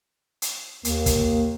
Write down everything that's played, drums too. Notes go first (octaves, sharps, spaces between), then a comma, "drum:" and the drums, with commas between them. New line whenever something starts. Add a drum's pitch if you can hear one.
drum: hi-hat
D#2 A#3, drum: hi-hat
drum: kick, hi-hat